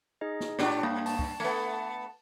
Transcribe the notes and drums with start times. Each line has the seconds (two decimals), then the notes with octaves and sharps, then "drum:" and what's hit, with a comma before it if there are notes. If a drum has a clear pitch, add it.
0.21 D#4 G#4 D#5
0.40 drum: snare
0.59 A2 D4 G4, drum: snare
0.83 G2 A#3
1.06 A5, drum: open hi-hat
1.19 drum: kick
1.40 A3 B3
1.73 A5